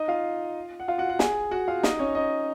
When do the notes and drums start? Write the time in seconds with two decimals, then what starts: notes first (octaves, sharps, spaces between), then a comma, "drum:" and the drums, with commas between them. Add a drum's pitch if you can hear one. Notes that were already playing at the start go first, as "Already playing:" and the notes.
Already playing: D#4 D#5
0.08 F4 F5
0.80 F#5
0.88 F4 F5
0.98 F#4 F#5
1.09 F#4 F#5
1.19 G#4 G#5, drum: snare
1.51 F#4 F#5
1.68 F4 F5
1.83 D#4 D#5, drum: snare
1.99 C#4 C#5
2.15 D#4 D#5